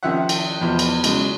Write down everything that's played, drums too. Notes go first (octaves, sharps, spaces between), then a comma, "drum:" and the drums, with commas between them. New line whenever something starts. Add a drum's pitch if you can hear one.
C3 D#3 F3 C#4 E5 F#5
drum: cymbal
E2 B2 F3
drum: cymbal
C#3 F#3 G#3, drum: cymbal